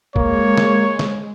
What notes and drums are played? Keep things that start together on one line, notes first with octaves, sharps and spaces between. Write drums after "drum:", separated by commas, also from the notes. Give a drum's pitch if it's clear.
G#3 A#3 C#5, drum: kick A#1
drum: snare
drum: snare